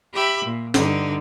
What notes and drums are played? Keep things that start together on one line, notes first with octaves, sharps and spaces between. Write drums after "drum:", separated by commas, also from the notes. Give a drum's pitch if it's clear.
G4 E5 B5
A#2
G2 D3 D#4, drum: snare